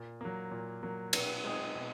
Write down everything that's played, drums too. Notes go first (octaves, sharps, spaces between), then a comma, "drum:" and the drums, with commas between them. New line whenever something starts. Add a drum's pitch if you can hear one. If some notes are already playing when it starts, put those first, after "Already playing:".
Already playing: A#2
F#3 A#3
A#2
F#3 A#3
B2, drum: cymbal
G#3 C4 D#4 G#4
B2